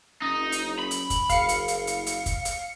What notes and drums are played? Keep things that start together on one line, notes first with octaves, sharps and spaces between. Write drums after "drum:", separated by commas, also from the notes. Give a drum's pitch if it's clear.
F#1 C#4 D#4
drum: hi-hat
B5
drum: hi-hat
drum: kick, hi-hat
F#1 F5 C#7, drum: kick, hi-hat
drum: hi-hat
drum: hi-hat
drum: hi-hat
drum: hi-hat
drum: kick, hi-hat
drum: hi-hat